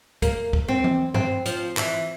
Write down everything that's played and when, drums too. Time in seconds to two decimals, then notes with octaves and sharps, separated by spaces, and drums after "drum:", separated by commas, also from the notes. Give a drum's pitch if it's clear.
0.22 A#3, drum: kick, hi-hat
0.53 drum: kick
0.68 C4
0.84 drum: tom E3
1.14 C4, drum: tom G2
1.46 F3, drum: hi-hat
1.77 E3, drum: clap